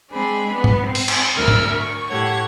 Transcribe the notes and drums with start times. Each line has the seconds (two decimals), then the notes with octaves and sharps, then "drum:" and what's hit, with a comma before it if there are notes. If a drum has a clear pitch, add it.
0.11 G#3 C4 D4 G#4 B5
0.51 B3
0.64 drum: tom G#2
0.84 C4
0.95 drum: open hi-hat
1.08 drum: cymbal
1.36 D2 A#4 E5 F6
1.48 drum: tom G#2
1.76 C#6
2.09 A2 G4 A4 C#5 F#5 G#6